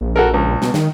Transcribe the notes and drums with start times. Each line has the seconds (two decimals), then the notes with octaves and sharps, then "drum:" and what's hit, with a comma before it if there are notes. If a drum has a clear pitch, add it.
0.01 A#1
0.16 F#4 A4 A#4
0.34 C#2
0.47 A#1
0.62 B2, drum: snare
0.74 D#3, drum: snare